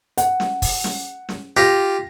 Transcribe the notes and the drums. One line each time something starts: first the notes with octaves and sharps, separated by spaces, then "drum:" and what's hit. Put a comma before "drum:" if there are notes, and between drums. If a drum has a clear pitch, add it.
F#5, drum: hi-hat
drum: snare
drum: kick, open hi-hat
drum: snare
drum: snare
F4 G4 A#6